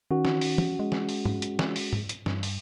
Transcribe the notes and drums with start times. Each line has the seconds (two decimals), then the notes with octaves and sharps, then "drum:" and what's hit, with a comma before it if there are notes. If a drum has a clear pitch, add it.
0.11 D#3 C#4 F#4 F#5
0.25 drum: snare
0.41 drum: open hi-hat
0.58 drum: tom E3
0.79 G#3
0.92 drum: snare
1.09 drum: open hi-hat
1.25 drum: tom G#2
1.42 drum: hi-hat
1.59 drum: snare
1.76 drum: open hi-hat
1.93 drum: tom G#2
2.09 drum: hi-hat
2.26 G2, drum: snare
2.43 drum: open hi-hat